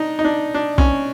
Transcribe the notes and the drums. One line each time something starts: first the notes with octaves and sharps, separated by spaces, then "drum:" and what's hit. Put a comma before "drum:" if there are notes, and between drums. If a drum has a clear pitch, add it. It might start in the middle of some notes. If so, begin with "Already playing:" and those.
Already playing: D4 D#4
D#4
D4
D4
C#4, drum: kick